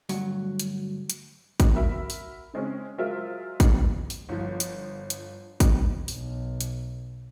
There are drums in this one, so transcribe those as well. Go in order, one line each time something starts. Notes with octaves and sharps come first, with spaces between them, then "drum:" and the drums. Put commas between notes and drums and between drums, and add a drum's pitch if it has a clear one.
D2 G2 F#3, drum: open hi-hat
drum: hi-hat
drum: hi-hat
drum: kick, hi-hat
F#4 A#4 E5 B5
drum: open hi-hat
C#3 G#3 C4 C#4
F#3 G#3 F4 A#4 C5 E5
drum: kick, hi-hat
drum: open hi-hat
G1 F3
drum: hi-hat
drum: hi-hat
drum: kick, hi-hat
B1, drum: open hi-hat
drum: hi-hat